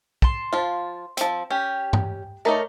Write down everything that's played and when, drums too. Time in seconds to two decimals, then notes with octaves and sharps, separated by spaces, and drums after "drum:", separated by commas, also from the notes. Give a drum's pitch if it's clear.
0.22 A5 C6, drum: kick
0.53 F3 F4
1.17 F3 C4, drum: hi-hat
1.50 C#4 G4
1.93 drum: tom G2
2.45 A3 D#4 A#4 C#5 D5